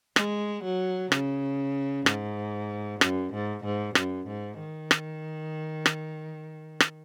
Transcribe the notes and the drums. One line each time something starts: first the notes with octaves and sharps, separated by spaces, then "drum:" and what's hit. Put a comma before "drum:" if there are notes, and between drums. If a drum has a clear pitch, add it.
G#3, drum: rim click
F#3
C#3, drum: rim click
G#2, drum: rim click
F#2, drum: rim click
G#2
G#2
F#2, drum: rim click
G#2
D#3
drum: rim click
drum: rim click
drum: rim click